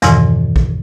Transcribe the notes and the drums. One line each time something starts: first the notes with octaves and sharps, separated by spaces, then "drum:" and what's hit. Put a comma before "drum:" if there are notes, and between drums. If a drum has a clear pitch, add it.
E2 G2 B2 D#3 E3, drum: snare
drum: kick A#1